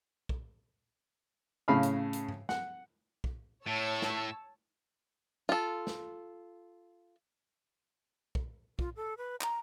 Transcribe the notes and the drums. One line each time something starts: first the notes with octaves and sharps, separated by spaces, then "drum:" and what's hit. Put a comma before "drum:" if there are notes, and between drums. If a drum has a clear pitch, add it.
drum: kick
A2 C#3 F5 B5 F6
drum: hi-hat
drum: hi-hat
drum: tom G#2
F#5, drum: snare
drum: kick
A2 C#5 A5 E6
drum: snare
F4 A4
drum: snare
drum: kick
F4, drum: kick
A4
B4
A#5, drum: clap